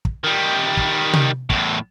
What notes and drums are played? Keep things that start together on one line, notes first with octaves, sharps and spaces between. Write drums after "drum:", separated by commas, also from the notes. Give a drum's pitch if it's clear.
drum: kick
D#3 G3
drum: kick
drum: tom C3
E2 A2, drum: kick